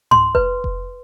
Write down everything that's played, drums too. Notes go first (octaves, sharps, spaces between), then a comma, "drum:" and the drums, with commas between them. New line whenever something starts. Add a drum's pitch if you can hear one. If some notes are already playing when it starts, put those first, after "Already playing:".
C6, drum: tom G#2
B4, drum: kick F1
drum: kick F1